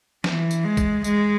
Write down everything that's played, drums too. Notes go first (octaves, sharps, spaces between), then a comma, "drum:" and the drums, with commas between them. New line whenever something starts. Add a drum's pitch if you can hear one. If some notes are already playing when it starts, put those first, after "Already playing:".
E3, drum: snare
drum: tambourine
G#3
drum: kick A#1, tambourine
G#3, drum: tambourine